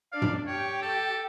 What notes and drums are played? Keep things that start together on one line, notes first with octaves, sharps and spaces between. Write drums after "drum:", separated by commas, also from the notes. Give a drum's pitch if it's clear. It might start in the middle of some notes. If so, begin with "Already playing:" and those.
D4 D5 F5
drum: tom
G4 C#5 G5
A4